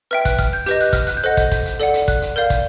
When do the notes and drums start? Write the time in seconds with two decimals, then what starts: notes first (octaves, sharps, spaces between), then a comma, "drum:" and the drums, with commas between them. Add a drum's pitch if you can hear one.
0.11 B4 E5 G5 F6
0.25 F#6, drum: kick, hi-hat
0.39 F6, drum: kick, hi-hat
0.53 G6
0.66 G4 B4 D#5 G6, drum: hi-hat
0.81 F#6, drum: hi-hat
0.93 F6, drum: kick, hi-hat
1.07 F#6, drum: hi-hat
1.17 G6
1.23 A4 C5 D#5 F#5 F#6
1.37 G6, drum: kick, hi-hat
1.52 drum: kick, hi-hat
1.66 drum: hi-hat
1.80 A4 D5 F#5, drum: hi-hat
1.94 drum: hi-hat
2.08 F#6, drum: kick, hi-hat
2.22 drum: hi-hat
2.36 A#4 D5 F5 G6
2.50 drum: kick, hi-hat